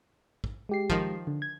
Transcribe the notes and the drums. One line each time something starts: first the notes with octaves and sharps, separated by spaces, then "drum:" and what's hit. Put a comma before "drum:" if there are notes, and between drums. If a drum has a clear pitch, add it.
drum: kick
G#3 G4 C7
D#3 F3, drum: kick
D3
G#6